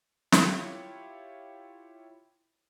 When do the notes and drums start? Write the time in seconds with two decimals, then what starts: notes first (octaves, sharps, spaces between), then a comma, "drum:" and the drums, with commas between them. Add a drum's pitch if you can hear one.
0.32 E4 F4 G4 C#5, drum: snare